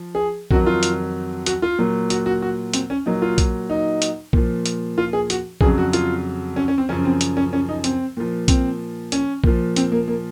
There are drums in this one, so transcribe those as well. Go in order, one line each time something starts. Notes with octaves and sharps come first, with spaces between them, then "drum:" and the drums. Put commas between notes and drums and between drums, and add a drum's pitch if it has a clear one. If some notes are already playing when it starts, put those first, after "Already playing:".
Already playing: F3
G#4
F2 D#3 F#3 F#4, drum: kick A#1
F4
drum: hi-hat
F#4, drum: hi-hat
F4
A#2 F#3
F#4, drum: hi-hat
F#4
F#4
C4, drum: hi-hat
C#4
A#2 F#3 D#4
F4
drum: kick A#1, hi-hat
D#4
drum: hi-hat
A#2 F3, drum: kick A#1
drum: hi-hat
F4
G#4
F#4, drum: hi-hat
F2 C#3 F#3 G#4, drum: kick A#1
F#4
F4, drum: hi-hat
C#4
C#4
C4
F#2 C#3 F3 C#4
C4
drum: hi-hat
C#4
C#4
D#4
C4, drum: hi-hat
A#2 F3
C4, drum: kick A#1, hi-hat
C#4, drum: hi-hat
A#2 F3, drum: kick A#1
C4, drum: hi-hat
A#3
A#3